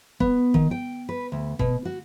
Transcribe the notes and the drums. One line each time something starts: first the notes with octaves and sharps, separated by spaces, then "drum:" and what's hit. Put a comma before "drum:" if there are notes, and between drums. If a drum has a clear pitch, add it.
B3, drum: kick E1
D#3, drum: kick E1
G5
B4
D2
B2, drum: kick E1
F#4